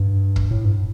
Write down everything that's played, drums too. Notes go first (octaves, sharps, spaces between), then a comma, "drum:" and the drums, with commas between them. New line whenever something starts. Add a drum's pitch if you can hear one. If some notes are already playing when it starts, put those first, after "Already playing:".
Already playing: G2
drum: kick
A2
G2